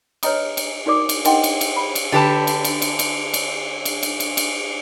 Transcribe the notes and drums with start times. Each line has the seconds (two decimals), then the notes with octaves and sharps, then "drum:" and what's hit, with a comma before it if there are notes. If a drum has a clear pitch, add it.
0.23 B4 C#5 D#5 A#5 D#6, drum: cymbal
0.57 drum: cymbal
0.86 D#4 F#4 A#4 D5 D6 D#6
1.09 drum: cymbal
1.25 D#4 A#4 D#5 F#5 G5 C6, drum: cymbal
1.44 drum: cymbal
1.61 drum: cymbal
1.76 B5
1.95 drum: cymbal
2.12 D3 G4 B4 A5
2.47 drum: cymbal
2.64 drum: cymbal
2.82 drum: cymbal
2.99 drum: cymbal
3.34 drum: cymbal
3.85 drum: cymbal
4.03 drum: cymbal
4.20 drum: cymbal
4.37 drum: cymbal